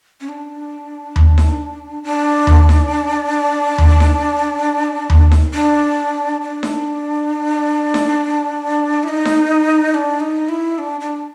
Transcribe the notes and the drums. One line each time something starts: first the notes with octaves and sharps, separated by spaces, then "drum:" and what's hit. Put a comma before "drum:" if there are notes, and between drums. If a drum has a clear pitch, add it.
C#4
D4
drum: tom D#2
drum: snare D#4
D4
drum: tom D#2
drum: snare D#4
drum: tom D#2
drum: snare D#4
drum: tom D#2
drum: snare D#4
D4
D4
drum: snare D#4
drum: snare D#4
E4
D#4
drum: snare D#4
D#4
D4
D#4
E4
D4
D4